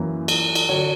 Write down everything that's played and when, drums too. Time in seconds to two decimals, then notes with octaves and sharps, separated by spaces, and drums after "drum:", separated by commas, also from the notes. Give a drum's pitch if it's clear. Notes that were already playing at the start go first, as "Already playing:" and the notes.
Already playing: F#2 E3 A#3
0.28 drum: cymbal
0.55 drum: cymbal
0.69 D3 F#3 C#5